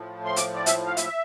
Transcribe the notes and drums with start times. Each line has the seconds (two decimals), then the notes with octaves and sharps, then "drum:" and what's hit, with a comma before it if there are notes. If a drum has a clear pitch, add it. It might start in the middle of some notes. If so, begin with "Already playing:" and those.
Already playing: A2 F3
0.25 C6
0.36 D6, drum: hi-hat
0.55 D5
0.66 E5, drum: hi-hat
0.86 F5
0.97 E5, drum: hi-hat